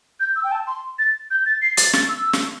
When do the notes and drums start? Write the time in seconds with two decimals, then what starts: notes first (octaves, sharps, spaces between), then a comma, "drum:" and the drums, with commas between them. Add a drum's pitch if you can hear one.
0.20 G6
0.36 E6
0.44 G5
0.52 A5
0.67 C6
0.99 A6
1.31 G6
1.46 A6
1.62 C7
1.77 A6, drum: hi-hat
1.93 A6, drum: snare
2.09 E6
2.33 drum: snare